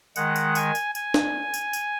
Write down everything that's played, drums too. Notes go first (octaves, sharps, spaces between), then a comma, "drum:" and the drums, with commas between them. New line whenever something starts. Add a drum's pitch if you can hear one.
D#3 G#3 F#5, drum: tambourine
drum: tambourine
G#5, drum: tambourine
drum: tambourine
G#5, drum: tambourine
drum: snare
drum: tambourine
drum: tambourine